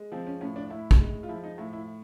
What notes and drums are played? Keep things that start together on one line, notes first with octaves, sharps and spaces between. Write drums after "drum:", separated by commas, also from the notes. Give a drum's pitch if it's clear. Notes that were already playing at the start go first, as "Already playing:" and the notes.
Already playing: G#3
F3 C4
C#4
A2 C#4
D4
A2 E4
drum: kick
G#3
F4
F3 E4
D#4
A2 E4
E4